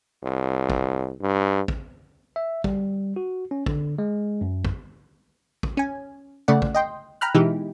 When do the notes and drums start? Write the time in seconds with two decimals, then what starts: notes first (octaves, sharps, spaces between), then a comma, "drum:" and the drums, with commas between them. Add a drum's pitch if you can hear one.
0.23 C2
0.70 drum: kick
1.21 G2
1.68 drum: kick
2.36 E5
2.64 G3, drum: kick
3.16 F#4
3.51 C#4
3.66 D3, drum: kick
3.98 G#3
4.41 F#2
4.65 drum: kick
5.63 drum: kick
5.77 C#4 G#5
6.48 C#3 A3 D5 F#5
6.62 drum: kick
6.75 D#5 G5 C6
7.21 G5 A#5 B5 F6 F#6
7.35 B2 E3 G#3 D#4 E4 G4